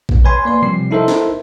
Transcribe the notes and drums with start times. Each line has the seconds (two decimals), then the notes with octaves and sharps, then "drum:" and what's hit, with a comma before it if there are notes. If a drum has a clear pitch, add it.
0.09 drum: kick A#1
0.25 B4 C#5 G#5 B5 C6
0.45 A#3 D5 C6
0.62 C3 F3 G3 G4 C7
0.91 D#4 E4 A4 A#4 C5 E5
1.08 drum: snare